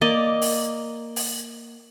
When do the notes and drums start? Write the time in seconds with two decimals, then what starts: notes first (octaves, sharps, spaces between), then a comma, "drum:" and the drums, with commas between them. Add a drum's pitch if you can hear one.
0.01 A#3 D5 D#5
0.42 drum: open hi-hat
1.16 drum: open hi-hat